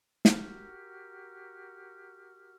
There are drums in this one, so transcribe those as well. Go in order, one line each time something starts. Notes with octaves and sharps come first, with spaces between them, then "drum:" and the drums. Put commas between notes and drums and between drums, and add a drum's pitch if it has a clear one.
F#4 G4 A#4 F6, drum: snare